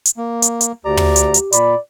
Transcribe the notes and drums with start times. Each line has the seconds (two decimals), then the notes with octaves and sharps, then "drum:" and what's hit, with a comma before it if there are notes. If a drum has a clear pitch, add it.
0.05 drum: hi-hat
0.17 A#3
0.42 drum: hi-hat
0.61 drum: hi-hat
0.85 D2 G4 D5 A#5
0.97 drum: tom
1.16 drum: hi-hat
1.34 drum: hi-hat
1.52 A#2 D5 B5, drum: hi-hat